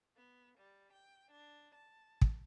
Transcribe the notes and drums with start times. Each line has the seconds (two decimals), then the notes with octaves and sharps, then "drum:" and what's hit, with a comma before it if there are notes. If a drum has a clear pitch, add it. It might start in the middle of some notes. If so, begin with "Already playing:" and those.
0.16 B3
0.58 G3
0.93 G5
1.31 D4
1.75 A5
2.21 drum: kick